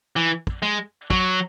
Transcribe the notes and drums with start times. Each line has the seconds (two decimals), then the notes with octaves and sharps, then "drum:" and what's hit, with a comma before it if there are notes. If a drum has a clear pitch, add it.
0.16 E3
0.47 drum: kick
0.62 G#3
1.10 F#3, drum: kick